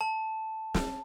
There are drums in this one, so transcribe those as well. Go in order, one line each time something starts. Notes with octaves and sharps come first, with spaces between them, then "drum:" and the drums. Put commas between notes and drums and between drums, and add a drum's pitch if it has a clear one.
A5
drum: snare